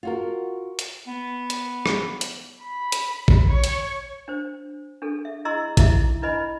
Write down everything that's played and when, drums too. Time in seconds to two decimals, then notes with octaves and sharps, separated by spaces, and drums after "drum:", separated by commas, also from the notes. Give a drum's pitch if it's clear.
0.03 F4 F#4 A#4
0.79 drum: hi-hat
1.07 B3
1.50 drum: hi-hat
1.86 drum: rim click
2.21 drum: hi-hat
2.60 B5
2.92 drum: hi-hat
3.28 drum: kick
3.47 C#5
3.64 drum: hi-hat
4.28 D4 C5
5.02 D4 G#4 A4
5.25 E5
5.45 E4 G#4 D#5 A#5 C6 E6
5.77 D#4 E4 E5 D6, drum: kick, hi-hat
6.22 D4 E4 B4 D#5 G#5 B5